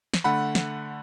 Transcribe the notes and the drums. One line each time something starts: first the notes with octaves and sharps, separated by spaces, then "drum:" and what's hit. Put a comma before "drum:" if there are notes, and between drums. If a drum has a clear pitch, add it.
drum: snare
D3 A3 F#5 B5
drum: snare